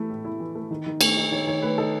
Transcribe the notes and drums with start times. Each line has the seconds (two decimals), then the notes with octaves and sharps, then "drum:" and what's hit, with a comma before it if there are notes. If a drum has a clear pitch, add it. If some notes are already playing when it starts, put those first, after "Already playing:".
Already playing: E3 A3 E4
0.10 A2
0.25 E4
0.40 E3
0.55 A3
0.71 D#3
0.86 D#3
1.01 A3, drum: cymbal
1.17 D#4
1.32 D#3 C#5
1.47 D#3 C#5
1.62 A3 B4
1.78 D#4 A4